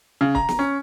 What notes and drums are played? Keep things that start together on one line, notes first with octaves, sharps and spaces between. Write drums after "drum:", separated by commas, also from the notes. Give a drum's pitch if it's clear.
C#3
A#5, drum: kick
drum: snare
C#4